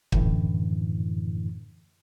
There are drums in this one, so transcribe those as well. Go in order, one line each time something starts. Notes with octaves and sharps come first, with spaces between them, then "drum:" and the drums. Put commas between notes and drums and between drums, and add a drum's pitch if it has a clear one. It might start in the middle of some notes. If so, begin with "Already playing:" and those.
F#2 A2 D3 E3, drum: kick